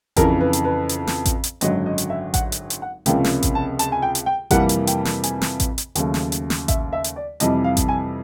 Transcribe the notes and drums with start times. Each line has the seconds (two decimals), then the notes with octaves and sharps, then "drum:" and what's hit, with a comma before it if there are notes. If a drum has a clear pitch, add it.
0.16 F2 C#3 E3 A#4, drum: kick A1, hi-hat
0.41 B4
0.53 drum: hi-hat
0.65 B4
0.89 drum: hi-hat
1.07 drum: snare
1.25 drum: kick A1, hi-hat
1.44 drum: hi-hat
1.61 G#1 F#2 D3 F#3 D#5, drum: hi-hat
1.86 D#5
1.98 drum: hi-hat
2.10 E5
2.34 F#5, drum: kick A1, hi-hat
2.52 drum: hi-hat
2.70 drum: hi-hat
2.82 F#5
3.06 C#2 C3 F3 A#3 C#4 G5, drum: hi-hat
3.24 drum: snare
3.43 drum: kick A1, hi-hat
3.55 A5
3.79 A5, drum: hi-hat
3.92 G#5
4.02 G5
4.15 drum: hi-hat
4.26 G5
4.51 F2 C3 E3 G3 A#3 F#5, drum: kick A1, hi-hat
4.69 drum: hi-hat
4.87 G5, drum: hi-hat
5.05 drum: snare
5.23 G#5, drum: hi-hat
5.42 drum: snare
5.60 drum: kick A1, hi-hat
5.78 drum: hi-hat
5.95 D#2 C#3 F#3 A3, drum: hi-hat
6.14 drum: snare
6.32 drum: hi-hat
6.50 drum: snare
6.68 E5, drum: kick A1, hi-hat
6.93 E5
7.04 drum: hi-hat
7.16 D5
7.40 F2 C3 E3 G3 D#5, drum: hi-hat
7.64 F5
7.77 drum: kick A1, hi-hat
7.89 G#5